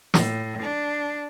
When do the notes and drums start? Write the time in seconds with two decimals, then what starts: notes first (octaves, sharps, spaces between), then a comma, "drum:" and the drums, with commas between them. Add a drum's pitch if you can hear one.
0.14 A2, drum: snare
0.61 D4